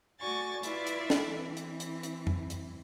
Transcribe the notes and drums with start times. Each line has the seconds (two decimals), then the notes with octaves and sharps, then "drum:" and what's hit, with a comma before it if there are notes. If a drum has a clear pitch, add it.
0.19 A3 F#4 D5 G#5 C#6 A6
0.63 E4 F4 B4 D5 E5, drum: hi-hat
0.87 drum: hi-hat
1.10 drum: snare
1.29 E3 C4
1.57 drum: hi-hat
1.80 drum: hi-hat
2.03 drum: hi-hat
2.27 drum: tom F2
2.50 drum: hi-hat